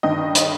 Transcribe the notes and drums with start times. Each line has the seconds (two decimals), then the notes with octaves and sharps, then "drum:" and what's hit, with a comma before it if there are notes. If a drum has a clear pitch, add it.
0.03 G2 D#3 D#5 G5
0.35 drum: hi-hat